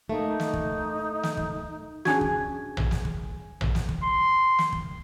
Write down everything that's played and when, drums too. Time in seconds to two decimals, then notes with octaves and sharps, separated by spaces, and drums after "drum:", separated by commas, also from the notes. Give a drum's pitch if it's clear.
0.09 A3 A#3 D#4
0.40 drum: snare
0.54 drum: kick
1.23 drum: snare
1.37 drum: kick
2.05 C#4 D4 F#4 G#4 G#5 G#6, drum: snare
2.21 drum: kick
2.77 drum: tom A1
2.91 drum: snare
3.05 drum: kick
3.61 drum: tom A1
3.75 drum: snare
3.89 drum: kick
4.03 C6
4.59 drum: snare
4.73 drum: kick